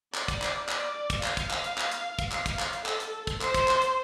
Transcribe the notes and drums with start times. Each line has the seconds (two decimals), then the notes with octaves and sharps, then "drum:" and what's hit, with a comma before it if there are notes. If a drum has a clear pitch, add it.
0.15 D5, drum: clap
0.28 drum: kick, hi-hat
0.42 drum: clap
0.69 D5, drum: clap
1.10 drum: kick, hi-hat
1.23 F5, drum: clap
1.37 drum: kick, hi-hat
1.51 drum: clap
1.64 drum: hi-hat
1.78 drum: clap
1.91 drum: hi-hat
2.19 drum: kick, hi-hat
2.32 F5, drum: clap
2.46 drum: kick, hi-hat
2.59 drum: clap
2.73 drum: hi-hat
2.86 A4, drum: clap
3.00 drum: hi-hat
3.27 drum: kick, hi-hat
3.41 C5, drum: clap
3.54 drum: kick, hi-hat
3.68 drum: clap
3.82 drum: hi-hat